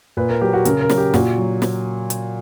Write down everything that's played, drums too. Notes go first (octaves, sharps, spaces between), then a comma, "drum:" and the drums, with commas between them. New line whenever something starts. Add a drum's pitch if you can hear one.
A#2 B4
A#4
F#3 G4
F#4
C#3 A#4, drum: hi-hat
A#4
F#3, drum: snare
G4
A#2 F#4, drum: snare
F#3
drum: snare
drum: hi-hat